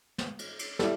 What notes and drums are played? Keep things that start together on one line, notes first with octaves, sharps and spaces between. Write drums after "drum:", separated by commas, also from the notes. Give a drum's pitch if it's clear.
drum: snare
drum: cymbal
drum: cymbal
G3 E4 A4, drum: snare